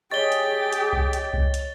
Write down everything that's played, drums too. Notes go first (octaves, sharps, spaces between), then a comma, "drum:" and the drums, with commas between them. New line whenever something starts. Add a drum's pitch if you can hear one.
G4 G#4 C#5 D#5 C#6 A6 G7
drum: hi-hat
drum: hi-hat
drum: kick C2
drum: hi-hat
drum: kick C2
drum: hi-hat